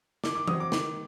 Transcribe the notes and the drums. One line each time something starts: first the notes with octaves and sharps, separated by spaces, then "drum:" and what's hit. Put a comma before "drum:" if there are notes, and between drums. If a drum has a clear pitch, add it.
D#3 D6, drum: snare
D6
F#3 C4 D#6, drum: tom E3
D6
D#3 D6, drum: snare